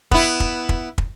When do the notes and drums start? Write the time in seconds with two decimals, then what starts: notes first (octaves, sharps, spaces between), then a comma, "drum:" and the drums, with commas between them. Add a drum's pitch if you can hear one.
0.11 B3 E4, drum: kick
0.40 drum: kick
0.69 drum: kick
0.98 drum: kick